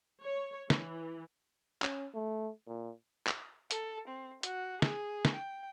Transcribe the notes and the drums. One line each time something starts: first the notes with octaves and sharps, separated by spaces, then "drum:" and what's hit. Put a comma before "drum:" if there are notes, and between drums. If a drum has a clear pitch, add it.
C#5
E3, drum: snare
C#4, drum: clap
A3
A#2
drum: clap
A4, drum: hi-hat
C4
F#4, drum: hi-hat
G#4, drum: snare
drum: snare
G5